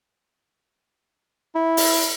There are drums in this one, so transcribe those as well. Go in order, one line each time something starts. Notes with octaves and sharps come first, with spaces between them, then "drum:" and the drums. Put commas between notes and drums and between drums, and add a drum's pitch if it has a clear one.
E4
drum: open hi-hat